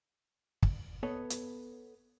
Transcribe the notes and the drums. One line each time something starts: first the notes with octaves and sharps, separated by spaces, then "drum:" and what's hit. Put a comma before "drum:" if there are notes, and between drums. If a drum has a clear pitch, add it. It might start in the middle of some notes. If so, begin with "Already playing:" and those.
drum: kick
B3 A4 C#5 D#5
drum: hi-hat